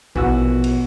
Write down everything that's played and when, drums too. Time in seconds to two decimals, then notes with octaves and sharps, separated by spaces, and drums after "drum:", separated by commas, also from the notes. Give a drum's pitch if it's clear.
0.16 A#1 B2 E3 F#4 E6, drum: kick A#1
0.64 drum: cymbal